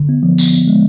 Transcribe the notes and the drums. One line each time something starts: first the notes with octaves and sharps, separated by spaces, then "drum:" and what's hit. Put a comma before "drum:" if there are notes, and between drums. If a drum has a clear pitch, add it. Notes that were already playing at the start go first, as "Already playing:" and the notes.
Already playing: D3
B3
F3
B3, drum: tambourine
B3
G#3